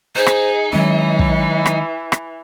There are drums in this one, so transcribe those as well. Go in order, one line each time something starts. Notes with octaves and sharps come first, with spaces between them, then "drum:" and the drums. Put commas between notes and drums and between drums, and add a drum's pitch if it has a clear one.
D#4 G#4 C5
drum: rim click
D#3 E3 F#3 G#3 C#4
drum: kick
drum: rim click
drum: rim click